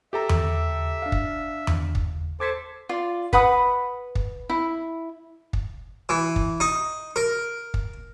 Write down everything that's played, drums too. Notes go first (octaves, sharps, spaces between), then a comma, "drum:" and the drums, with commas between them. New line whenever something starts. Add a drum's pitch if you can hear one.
G4 A4 E5 A#5
drum: tom E2
D4 F5
drum: kick
drum: tom E2
drum: kick
A4 C5 A5 D6 G#6 B6
F4 D5
B4 F#5 B5 D#6, drum: kick
drum: kick
E4
drum: kick
E3
drum: kick
D#4
A#4
drum: kick